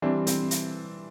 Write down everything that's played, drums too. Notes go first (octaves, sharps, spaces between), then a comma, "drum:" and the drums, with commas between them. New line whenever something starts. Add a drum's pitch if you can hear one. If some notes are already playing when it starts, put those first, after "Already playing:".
E3 G3 C4 D4
C4, drum: hi-hat
drum: hi-hat